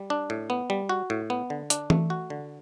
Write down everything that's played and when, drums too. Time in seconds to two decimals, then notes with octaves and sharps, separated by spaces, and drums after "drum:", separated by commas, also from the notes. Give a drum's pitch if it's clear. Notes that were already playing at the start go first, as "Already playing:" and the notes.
Already playing: G3
0.10 D4
0.30 A2
0.50 B3
0.70 G3
0.89 F#4
1.10 A2
1.30 B3
1.50 D3
1.70 D4, drum: hi-hat
1.90 A3, drum: tom E3
2.10 F#4
2.30 D3